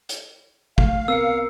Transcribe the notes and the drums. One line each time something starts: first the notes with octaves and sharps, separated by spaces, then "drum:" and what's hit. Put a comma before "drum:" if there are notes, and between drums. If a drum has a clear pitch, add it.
drum: hi-hat
A3 F5, drum: kick
C2 B3 C4 A#4 E6 C7 C#7